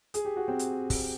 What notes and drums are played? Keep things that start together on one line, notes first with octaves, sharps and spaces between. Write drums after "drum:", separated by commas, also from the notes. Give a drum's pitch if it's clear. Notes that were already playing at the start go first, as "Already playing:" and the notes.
G#4, drum: hi-hat
G4
F#4
C4
drum: hi-hat
drum: kick, open hi-hat